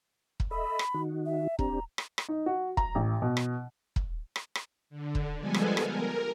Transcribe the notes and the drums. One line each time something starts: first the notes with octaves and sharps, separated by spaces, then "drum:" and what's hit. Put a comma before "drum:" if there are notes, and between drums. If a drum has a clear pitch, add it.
drum: kick
A4 D#5 E5 B5
drum: rim click
D#3 D#4 F#4
E5
C4 D4 G4 A#5, drum: kick
drum: rim click
drum: rim click
D#4
F#4
A#5, drum: kick
A1
B2
drum: rim click
drum: kick
drum: rim click
drum: rim click
D3
drum: kick
F3 G3 G#3 B3 A4 G#5
drum: rim click
A#4, drum: rim click